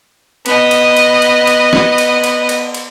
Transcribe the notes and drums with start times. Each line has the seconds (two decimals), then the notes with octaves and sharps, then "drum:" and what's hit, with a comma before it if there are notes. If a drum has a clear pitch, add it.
0.46 B3 D#5, drum: cymbal
0.71 drum: cymbal
0.97 drum: cymbal
1.22 drum: cymbal
1.47 drum: cymbal
1.73 drum: snare
1.98 drum: cymbal
2.24 drum: cymbal
2.49 drum: cymbal
2.74 drum: cymbal